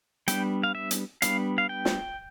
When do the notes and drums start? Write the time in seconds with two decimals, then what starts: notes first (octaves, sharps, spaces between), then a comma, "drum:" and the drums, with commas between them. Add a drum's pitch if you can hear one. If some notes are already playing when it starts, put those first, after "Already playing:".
0.28 G3 B3 D4 G5, drum: hi-hat
0.63 F5
0.75 E5
0.91 drum: hi-hat
1.22 G3 B3 D4 F5, drum: hi-hat
1.58 F5
1.69 G5
1.85 drum: snare